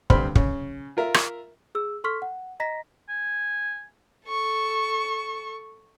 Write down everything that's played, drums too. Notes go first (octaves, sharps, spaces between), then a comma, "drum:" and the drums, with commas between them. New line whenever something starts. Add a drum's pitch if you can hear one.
D2 G2 C4 B5 C6 F6, drum: kick
C#3, drum: kick
F4 A#4 E5
drum: rim click
G#4 E6
A4 C6 C#6 F6 B6
F#5
D#5 A#5 A#6 B6
G#5
A4 C#6